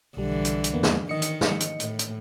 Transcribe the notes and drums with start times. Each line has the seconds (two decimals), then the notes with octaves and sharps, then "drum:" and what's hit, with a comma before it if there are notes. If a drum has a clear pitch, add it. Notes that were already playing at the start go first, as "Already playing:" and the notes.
0.17 B1 D3 E3 G3
0.45 drum: hi-hat
0.64 drum: hi-hat
0.73 E2 A#3 B3
0.83 drum: snare
1.09 D#3 D#5 C#7
1.22 drum: hi-hat
1.41 drum: snare
1.60 drum: hi-hat
1.80 A2, drum: hi-hat
1.99 drum: hi-hat